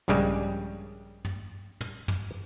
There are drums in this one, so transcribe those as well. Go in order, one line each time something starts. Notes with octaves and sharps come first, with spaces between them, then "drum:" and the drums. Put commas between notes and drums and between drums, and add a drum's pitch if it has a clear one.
A#1 G2 C#3 G3 G#3
drum: tom
drum: tom
drum: tom